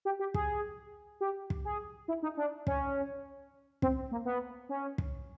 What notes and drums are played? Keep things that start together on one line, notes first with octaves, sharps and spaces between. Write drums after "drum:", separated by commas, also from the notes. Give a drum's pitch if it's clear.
G4
G4
G#4, drum: kick
G4
drum: kick
G#4
E4
D#4
D4
C#4, drum: kick
C4, drum: kick
A#3
B3
C#4
drum: kick